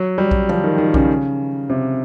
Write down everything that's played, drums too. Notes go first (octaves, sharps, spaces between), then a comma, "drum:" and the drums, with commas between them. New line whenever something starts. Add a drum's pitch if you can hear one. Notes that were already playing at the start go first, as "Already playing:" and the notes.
Already playing: F#3
G3
drum: kick A#1
F3, drum: tom
D#3
D#3
C#3, drum: kick A#1
C3